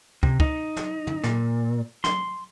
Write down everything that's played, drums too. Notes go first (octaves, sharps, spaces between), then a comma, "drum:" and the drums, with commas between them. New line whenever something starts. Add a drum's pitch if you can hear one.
C3, drum: kick
D#4, drum: kick
drum: snare
drum: tom
A#2, drum: snare
C6, drum: snare